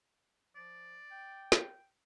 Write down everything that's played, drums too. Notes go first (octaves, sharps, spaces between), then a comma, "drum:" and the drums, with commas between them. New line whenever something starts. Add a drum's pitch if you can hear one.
F3 D5
G5
drum: snare